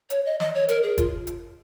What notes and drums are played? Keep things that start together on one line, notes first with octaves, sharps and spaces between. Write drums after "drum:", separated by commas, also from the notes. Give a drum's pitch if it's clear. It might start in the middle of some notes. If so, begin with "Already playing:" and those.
C#5, drum: hi-hat
D#5
D#5, drum: snare
C#5
A#4, drum: hi-hat
G#4
F4, drum: kick, hi-hat
drum: hi-hat